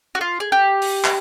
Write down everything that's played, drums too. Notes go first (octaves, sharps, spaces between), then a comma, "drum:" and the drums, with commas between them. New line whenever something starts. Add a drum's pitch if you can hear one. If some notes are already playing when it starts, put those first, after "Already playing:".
F#4
F4
G#4
G4
drum: open hi-hat
drum: clap